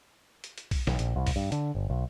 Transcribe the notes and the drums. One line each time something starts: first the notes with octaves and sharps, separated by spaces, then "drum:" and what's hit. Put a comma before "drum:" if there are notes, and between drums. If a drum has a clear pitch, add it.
drum: hi-hat
drum: hi-hat
drum: kick, open hi-hat
B1, drum: snare
A#1, drum: hi-hat
C2
drum: kick, open hi-hat
G2
D3, drum: hi-hat
G1
B1